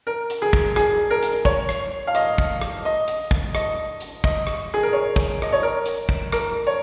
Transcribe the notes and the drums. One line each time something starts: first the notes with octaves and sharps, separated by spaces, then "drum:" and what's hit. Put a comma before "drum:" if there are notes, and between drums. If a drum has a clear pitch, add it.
A#4
drum: hi-hat
G#4
drum: kick
G#4, drum: rim click
A#4
drum: hi-hat
C#5, drum: kick
drum: rim click
F5
D#5, drum: hi-hat
drum: kick
drum: rim click
D#5
drum: hi-hat
drum: kick
D#5, drum: rim click
drum: hi-hat
D#5, drum: kick
drum: rim click
G#4
A#4
C#5
drum: kick
D#5, drum: rim click
C#5
A#4
drum: hi-hat
drum: kick
A#4, drum: rim click
C#5